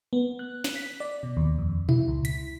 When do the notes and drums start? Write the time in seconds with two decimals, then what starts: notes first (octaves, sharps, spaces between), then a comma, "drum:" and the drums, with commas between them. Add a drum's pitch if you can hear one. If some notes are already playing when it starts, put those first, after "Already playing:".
0.13 B3
0.39 F#6
0.64 drum: snare
0.76 B6
1.00 D5
1.23 B2
1.37 D#2
1.58 F2
1.89 E4, drum: tom A#2
2.08 C#2
2.25 B6, drum: hi-hat